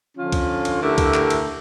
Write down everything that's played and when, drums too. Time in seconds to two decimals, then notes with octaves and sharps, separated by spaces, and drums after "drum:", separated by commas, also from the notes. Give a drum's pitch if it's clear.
0.17 D3 F3 C#4 F4
0.32 drum: kick, cymbal
0.65 drum: cymbal
0.81 D3 A3 E4 G4 A#4
0.98 drum: kick, cymbal
1.14 drum: clap
1.30 drum: cymbal